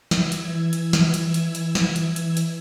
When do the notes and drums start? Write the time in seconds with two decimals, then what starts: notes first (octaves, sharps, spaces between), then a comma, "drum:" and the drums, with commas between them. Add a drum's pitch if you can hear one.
0.11 E3 E6 G#6, drum: snare
0.32 drum: hi-hat
0.73 drum: hi-hat
0.93 drum: snare
1.14 drum: hi-hat
1.34 drum: hi-hat
1.55 drum: hi-hat
1.75 drum: snare
1.96 drum: hi-hat
2.16 drum: hi-hat
2.37 drum: hi-hat